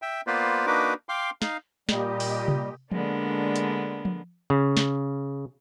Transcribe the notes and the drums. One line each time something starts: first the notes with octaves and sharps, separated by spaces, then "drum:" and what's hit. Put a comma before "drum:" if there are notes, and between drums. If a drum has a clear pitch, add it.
E5 G5
A#3 B3 F4 B4 C5 D5
A#3 D4 D#4 F#4 B4 D6
F5 G5 C6 D6
D#4 F5, drum: snare
A#2 G3 G4 D#5, drum: snare
drum: open hi-hat
drum: tom C3
D3 G#3 A#3 B3 D4, drum: tom F3
drum: hi-hat
drum: tom F3
C#3
drum: snare